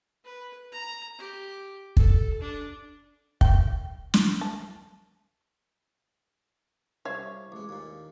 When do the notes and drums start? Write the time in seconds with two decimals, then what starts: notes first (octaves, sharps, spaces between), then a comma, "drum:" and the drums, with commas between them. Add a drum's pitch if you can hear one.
0.25 B4
0.72 A#5
1.19 G4
1.97 A4, drum: kick
2.41 D4
3.41 G5, drum: kick
4.14 drum: snare
4.41 A5
7.05 C2 C#5 E5 F5 C#6
7.52 A1 G#3 D6
7.69 D#2 A#2